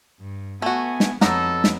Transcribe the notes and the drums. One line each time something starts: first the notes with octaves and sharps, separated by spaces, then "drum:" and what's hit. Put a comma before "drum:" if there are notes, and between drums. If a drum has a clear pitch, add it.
G2
A3 B3 F#4 G#5
drum: snare
F2 F#3 B3 D#4 A4, drum: snare
drum: snare